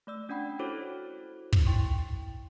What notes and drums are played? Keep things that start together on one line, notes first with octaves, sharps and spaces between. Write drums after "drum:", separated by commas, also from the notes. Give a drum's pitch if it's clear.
A3 D5 E6
C#4 D4 D5 F#5 G5 B5
E4 F#4 A4 C5 C#5 D6
drum: kick
E4 G5 C6 C#6